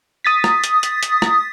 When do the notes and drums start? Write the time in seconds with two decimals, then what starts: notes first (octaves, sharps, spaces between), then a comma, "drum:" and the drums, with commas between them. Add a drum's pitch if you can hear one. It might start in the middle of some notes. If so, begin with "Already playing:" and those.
0.25 D#6 A6 B6
0.44 drum: rim click
0.64 drum: hi-hat
0.83 drum: hi-hat
1.03 drum: hi-hat
1.22 drum: rim click